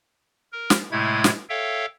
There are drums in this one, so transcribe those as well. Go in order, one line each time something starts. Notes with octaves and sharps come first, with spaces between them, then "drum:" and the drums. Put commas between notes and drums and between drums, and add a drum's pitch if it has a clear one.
A#4
drum: snare
A2 C3 G#3 A3 E4 G#6
drum: snare
A4 C#5 E5 F5 G5